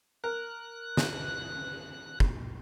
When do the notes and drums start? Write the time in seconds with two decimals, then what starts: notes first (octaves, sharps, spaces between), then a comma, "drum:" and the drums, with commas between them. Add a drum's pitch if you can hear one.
0.24 A#4 F#6
0.97 drum: snare
2.20 drum: kick